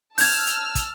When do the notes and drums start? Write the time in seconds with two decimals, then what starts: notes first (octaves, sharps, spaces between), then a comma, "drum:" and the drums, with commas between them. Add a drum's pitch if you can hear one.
0.18 A5 E6 F6 G6 G#6, drum: open hi-hat
0.47 drum: hi-hat
0.75 drum: kick, hi-hat